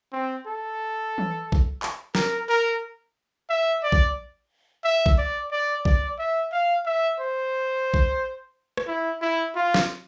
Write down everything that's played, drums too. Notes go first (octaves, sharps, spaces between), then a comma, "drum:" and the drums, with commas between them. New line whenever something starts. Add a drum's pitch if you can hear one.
C4
A4
drum: tom E3
drum: kick A#1
drum: clap
A#4, drum: snare
A#4
E5
D5
drum: kick A#1
E5
drum: kick A#1
D5
D5
D5, drum: kick A#1
E5
F5
E5
C5
drum: kick A#1
drum: rim click
E4
E4
F4
drum: snare